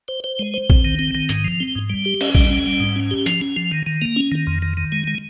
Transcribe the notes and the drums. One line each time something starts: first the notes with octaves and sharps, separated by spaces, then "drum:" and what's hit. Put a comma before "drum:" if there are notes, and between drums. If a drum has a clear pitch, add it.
C5
C5
G#3
C5
C4, drum: kick
D#3
C4
D#3
G#2, drum: hi-hat
F3
C4
G#2
G3
G4
C#4, drum: cymbal
G3, drum: kick
C#4
G3
G#2
C#4
G4
F3, drum: hi-hat
C#4
F3
D#3
D#3
A#3
C#4
D#3
F2
D#3
D#3
G#3
G#3